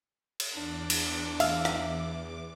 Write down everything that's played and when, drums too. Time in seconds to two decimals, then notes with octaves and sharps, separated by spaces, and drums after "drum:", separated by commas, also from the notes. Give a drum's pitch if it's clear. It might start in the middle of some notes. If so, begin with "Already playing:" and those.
0.40 drum: cymbal
0.54 E2 D4 D6
0.90 drum: cymbal
1.40 E5 F5, drum: cymbal
1.65 drum: rim click